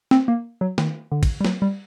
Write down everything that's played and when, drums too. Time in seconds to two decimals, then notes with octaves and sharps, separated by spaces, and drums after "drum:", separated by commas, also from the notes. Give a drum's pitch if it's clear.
0.11 C4, drum: snare
0.28 A#3
0.61 F#3
0.78 D#3, drum: snare
1.12 D3
1.23 drum: kick, cymbal
1.41 G3
1.45 F#3, drum: snare
1.62 G3